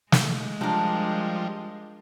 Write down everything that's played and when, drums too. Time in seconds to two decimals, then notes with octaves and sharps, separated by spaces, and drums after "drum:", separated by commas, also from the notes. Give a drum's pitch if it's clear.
0.12 G#3, drum: snare
0.61 F3 G3 D4 A#4